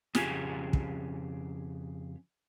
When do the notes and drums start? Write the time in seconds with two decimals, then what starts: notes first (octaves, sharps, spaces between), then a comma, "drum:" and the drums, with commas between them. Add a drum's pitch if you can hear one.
0.15 F2 C#3 G4 G#4 G#5, drum: snare
0.73 drum: kick